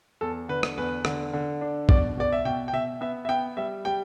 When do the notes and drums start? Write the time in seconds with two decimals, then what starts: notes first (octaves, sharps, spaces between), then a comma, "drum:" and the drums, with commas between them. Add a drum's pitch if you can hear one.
0.21 E2 A4
0.49 D3 B4
0.63 drum: rim click
0.78 E2 B4
1.05 D3, drum: rim click
1.33 D3
1.61 D4
1.89 B2 D5, drum: kick
2.17 B2 D5
2.33 E5
2.45 B2 G5
2.68 G5
2.73 B2 E5
3.01 B3 E5
3.25 E5
3.29 B3 G5
3.57 G3 E5
3.85 G3 G5